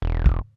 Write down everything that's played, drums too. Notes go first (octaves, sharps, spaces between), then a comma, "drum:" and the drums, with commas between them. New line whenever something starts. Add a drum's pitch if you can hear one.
E1
drum: kick